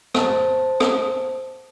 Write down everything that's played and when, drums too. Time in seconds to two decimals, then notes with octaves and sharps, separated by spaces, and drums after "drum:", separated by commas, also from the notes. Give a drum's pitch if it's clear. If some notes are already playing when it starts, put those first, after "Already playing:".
0.14 C5 A5, drum: rim click
0.80 drum: rim click